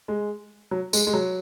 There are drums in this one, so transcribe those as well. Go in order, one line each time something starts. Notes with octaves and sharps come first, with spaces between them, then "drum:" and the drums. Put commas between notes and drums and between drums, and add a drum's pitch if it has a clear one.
G#3
F#3
G#3, drum: tambourine
G#3
F#3